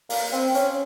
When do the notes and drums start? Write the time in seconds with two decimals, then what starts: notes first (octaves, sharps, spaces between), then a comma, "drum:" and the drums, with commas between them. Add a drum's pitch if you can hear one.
0.10 A#3, drum: open hi-hat
0.32 C4
0.54 C#4, drum: hi-hat